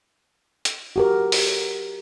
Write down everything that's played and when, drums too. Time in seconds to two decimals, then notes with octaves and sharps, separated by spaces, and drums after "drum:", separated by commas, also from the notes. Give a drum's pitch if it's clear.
0.65 drum: hi-hat
0.96 F#4 G4 A#4
1.32 drum: open hi-hat